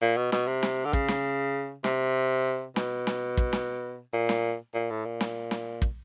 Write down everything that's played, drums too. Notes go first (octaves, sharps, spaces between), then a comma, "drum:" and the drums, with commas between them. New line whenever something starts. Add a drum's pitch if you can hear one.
A#2
B2
B2, drum: snare
C3
drum: snare
D3
C#3, drum: kick
drum: snare
C3, drum: snare
B2, drum: snare
drum: snare
drum: kick
drum: snare
A#2
drum: snare
A#2
A2
A#2
drum: snare
drum: snare
drum: kick